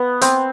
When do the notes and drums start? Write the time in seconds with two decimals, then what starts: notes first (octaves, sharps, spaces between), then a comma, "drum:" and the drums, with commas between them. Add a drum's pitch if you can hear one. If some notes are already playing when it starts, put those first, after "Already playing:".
Already playing: B3
0.22 C4, drum: hi-hat